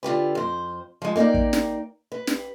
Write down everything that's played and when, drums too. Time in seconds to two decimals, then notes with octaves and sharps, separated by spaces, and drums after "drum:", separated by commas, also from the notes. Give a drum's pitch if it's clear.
0.03 D3 F4 G4 B4
0.35 F2 C5
1.02 F3 G#3
1.16 A#3 D#4 A#4 D5 G5
1.34 drum: kick
1.53 drum: snare
2.12 B4
2.27 drum: snare